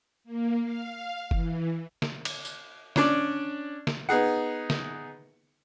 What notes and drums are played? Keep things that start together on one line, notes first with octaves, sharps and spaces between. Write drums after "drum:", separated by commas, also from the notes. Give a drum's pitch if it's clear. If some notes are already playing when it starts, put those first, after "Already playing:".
A#3
F5
E3, drum: kick F#1
drum: snare
drum: cymbal
drum: tambourine
C#4 D4 D5, drum: snare
drum: snare
B3 D#4 G#4 F#5
drum: snare